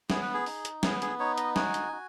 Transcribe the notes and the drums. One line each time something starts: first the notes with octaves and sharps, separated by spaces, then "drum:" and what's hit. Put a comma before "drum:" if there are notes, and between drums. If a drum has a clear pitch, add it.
B3 G#4, drum: snare
B4
G#4
D#4, drum: open hi-hat
drum: hi-hat
B3 G#4, drum: snare
G#4, drum: hi-hat
D#4 C#5
D#5, drum: hi-hat
F#4 G#5, drum: snare
drum: hi-hat
F#4